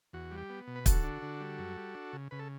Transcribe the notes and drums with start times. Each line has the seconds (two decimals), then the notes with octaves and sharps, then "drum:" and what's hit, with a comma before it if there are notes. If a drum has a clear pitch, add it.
0.13 E2 F#4
0.31 G3
0.38 G4
0.50 B3
0.67 B2
0.76 B4
0.86 D3 F#4 A4, drum: kick, hi-hat
1.04 D4
1.22 D3
1.40 G3
1.59 F#2
1.77 G3
1.95 D4
2.13 C#3
2.31 C#3 B4
2.39 A4